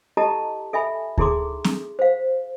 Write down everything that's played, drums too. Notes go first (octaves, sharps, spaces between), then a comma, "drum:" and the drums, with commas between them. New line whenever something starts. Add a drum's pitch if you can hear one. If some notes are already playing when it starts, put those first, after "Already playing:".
E4 G4 A4 D#5 A5 A#5
A4 E5 G#5 B5
D#4 E4 G#4 A4 C6 D6, drum: kick D2
drum: snare C4
C5 F5